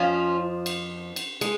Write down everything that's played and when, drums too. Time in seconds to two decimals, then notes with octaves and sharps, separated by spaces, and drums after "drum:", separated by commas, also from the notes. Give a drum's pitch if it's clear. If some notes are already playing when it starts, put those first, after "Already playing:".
Already playing: F2 F3 C#4 F4
0.66 drum: cymbal
1.16 drum: cymbal
1.41 G#3, drum: cymbal